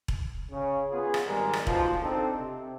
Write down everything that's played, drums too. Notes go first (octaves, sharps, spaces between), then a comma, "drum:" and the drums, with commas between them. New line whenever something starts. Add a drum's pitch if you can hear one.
drum: kick E1
C#3
B3 F4 G#4
drum: rim click
G#1 F#2 G3 G#3 A#4
drum: rim click
D2 G#2 B2 F3, drum: kick E1
C4 D4 D#4 A4
C3